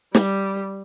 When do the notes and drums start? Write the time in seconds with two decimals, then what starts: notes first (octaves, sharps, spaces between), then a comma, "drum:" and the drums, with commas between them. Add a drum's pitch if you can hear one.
0.15 G3, drum: snare